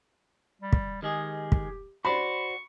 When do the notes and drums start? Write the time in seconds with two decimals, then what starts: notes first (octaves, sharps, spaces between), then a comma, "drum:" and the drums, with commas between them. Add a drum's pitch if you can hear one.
0.62 G3
0.73 drum: kick
1.02 D#3 G#3 G4 G#4
1.52 drum: kick
2.05 F#4 C5 D5 B5 C#6